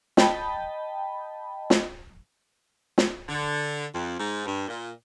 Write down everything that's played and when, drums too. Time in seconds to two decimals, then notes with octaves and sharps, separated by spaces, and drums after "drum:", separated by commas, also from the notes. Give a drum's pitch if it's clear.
0.17 D#5 G5 A5 B5, drum: snare
1.70 drum: snare
2.98 drum: snare
3.28 D3
3.93 F2
4.19 G#2
4.46 G2
4.69 A#2